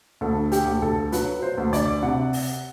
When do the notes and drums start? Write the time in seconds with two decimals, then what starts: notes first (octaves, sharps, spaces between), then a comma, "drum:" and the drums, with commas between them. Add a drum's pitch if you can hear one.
0.21 D2 A4
0.52 G4, drum: hi-hat
0.66 D2
0.82 A4, drum: kick
1.12 F#3 B4, drum: hi-hat
1.42 C5
1.58 D2
1.73 D5, drum: kick, hi-hat
2.03 C3 F#5
2.33 drum: open hi-hat